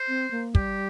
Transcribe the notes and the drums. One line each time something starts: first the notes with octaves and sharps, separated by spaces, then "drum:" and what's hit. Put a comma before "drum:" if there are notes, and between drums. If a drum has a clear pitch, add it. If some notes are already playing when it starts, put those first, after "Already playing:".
Already playing: C5
C4
A#3
G3 G4, drum: kick